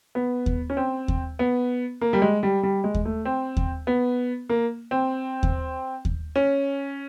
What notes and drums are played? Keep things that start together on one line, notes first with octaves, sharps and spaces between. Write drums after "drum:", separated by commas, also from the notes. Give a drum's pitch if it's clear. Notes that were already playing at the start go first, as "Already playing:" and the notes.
B3
drum: kick D#2
C#4
C4
drum: kick D#2
B3
A#3
G3
G#3
G3
G3
G#3
drum: kick D#2
A3
C4
drum: kick D#2
B3
A#3
C4
drum: kick D#2
drum: kick D#2
C#4